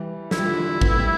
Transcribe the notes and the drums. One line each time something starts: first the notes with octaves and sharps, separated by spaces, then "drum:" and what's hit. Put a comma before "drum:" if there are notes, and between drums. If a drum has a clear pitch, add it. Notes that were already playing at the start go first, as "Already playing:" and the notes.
Already playing: E3 G3
F3 E4, drum: snare
G3
D3 F3
B3, drum: kick
A3
G3